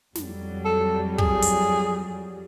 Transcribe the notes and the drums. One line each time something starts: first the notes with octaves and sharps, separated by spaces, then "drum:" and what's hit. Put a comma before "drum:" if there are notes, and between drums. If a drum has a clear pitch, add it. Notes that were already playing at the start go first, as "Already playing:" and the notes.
F2 F#3 G3, drum: snare
A4
G#4, drum: kick
drum: hi-hat